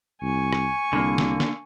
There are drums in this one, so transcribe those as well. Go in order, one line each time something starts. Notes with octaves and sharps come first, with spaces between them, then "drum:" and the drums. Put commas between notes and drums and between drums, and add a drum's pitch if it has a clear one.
C2 G#5 C#6
drum: rim click
C2 D3 A#3
drum: snare
drum: snare